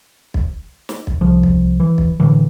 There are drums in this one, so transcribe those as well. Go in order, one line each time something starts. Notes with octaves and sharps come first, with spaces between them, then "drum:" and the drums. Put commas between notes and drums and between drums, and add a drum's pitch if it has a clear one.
drum: kick
drum: snare
drum: kick
C2 F3
drum: kick
E3
drum: kick
A2 D3 E3